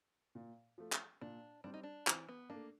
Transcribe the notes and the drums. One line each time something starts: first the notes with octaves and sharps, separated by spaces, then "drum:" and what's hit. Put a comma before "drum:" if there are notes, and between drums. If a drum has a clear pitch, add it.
A#2
F3 A3
drum: clap
A#2 D4
G3 C4 D4
D#4
D4
E3 C4, drum: clap
B3
A#3 D4
A3